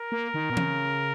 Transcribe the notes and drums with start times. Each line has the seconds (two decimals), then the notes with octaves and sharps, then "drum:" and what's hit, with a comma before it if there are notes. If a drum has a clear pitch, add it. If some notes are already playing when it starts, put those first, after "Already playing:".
Already playing: A#4
0.12 A#3
0.34 D#3
0.50 B2
0.57 C#3, drum: tom E3